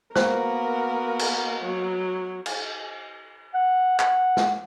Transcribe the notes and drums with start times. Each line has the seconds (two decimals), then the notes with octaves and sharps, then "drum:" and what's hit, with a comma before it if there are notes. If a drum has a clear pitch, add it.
0.16 A#3 B3 F#4 A#4 C5, drum: snare
1.19 drum: cymbal
1.60 F#3
2.46 drum: cymbal
3.54 F#5
4.00 F#5, drum: clap
4.37 drum: snare